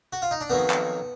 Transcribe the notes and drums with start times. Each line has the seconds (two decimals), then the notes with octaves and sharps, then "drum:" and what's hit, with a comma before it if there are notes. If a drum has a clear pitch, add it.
0.13 F#4
0.22 F4
0.31 D#4
0.41 D4
0.50 F2 D#3 F#3 B3
0.70 drum: clap